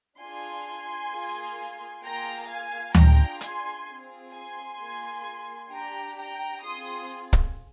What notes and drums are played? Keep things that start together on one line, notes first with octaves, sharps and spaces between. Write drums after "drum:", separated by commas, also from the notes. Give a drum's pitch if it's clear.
D4 F4 G#4 G#5 C6
A#3 F4 G#4
A#3 F4 G#4 G5 A#5
F5 G#5
D4 F4 G#4 G5 A#5, drum: tom D2
G#5 C6, drum: hi-hat
C4 F4 G#4
G#5 C6
A#3 F4 G#4
D4 G4 G5 A#5
G5 A#5
C4 F4 G#4 C6 D#6
drum: kick